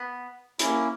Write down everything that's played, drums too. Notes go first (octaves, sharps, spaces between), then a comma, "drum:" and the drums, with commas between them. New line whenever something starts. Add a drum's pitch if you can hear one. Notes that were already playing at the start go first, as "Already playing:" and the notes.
Already playing: B3
A#3 C#4 E4, drum: hi-hat